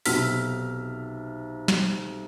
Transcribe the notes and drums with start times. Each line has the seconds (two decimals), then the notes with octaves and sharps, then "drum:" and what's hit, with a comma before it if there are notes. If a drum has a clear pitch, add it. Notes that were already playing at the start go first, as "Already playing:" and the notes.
0.06 B1 C3 E6 F6 B6, drum: open hi-hat
1.68 drum: snare